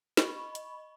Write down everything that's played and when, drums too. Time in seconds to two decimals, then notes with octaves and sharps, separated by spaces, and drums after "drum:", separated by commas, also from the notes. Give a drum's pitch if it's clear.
0.17 D#5 B5 C#6, drum: snare
0.55 drum: hi-hat